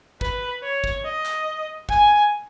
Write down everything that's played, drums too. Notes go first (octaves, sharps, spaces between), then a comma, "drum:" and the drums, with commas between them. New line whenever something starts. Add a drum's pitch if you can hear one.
B4, drum: kick
C#5
drum: kick
D#5
drum: clap
G#5, drum: kick